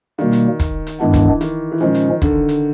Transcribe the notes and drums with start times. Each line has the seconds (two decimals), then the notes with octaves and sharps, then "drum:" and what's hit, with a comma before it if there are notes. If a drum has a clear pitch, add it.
0.19 B2 D#3 G3 A#3
0.33 drum: hi-hat
0.60 drum: kick, hi-hat
0.87 drum: hi-hat
1.00 G2 D#3 E3 G#3 B3 D4
1.14 drum: kick, hi-hat
1.41 D#3, drum: hi-hat
1.72 E3
1.80 A#2 D#3 F3 G#3 C#4
1.95 drum: hi-hat
2.22 D3, drum: kick
2.49 drum: hi-hat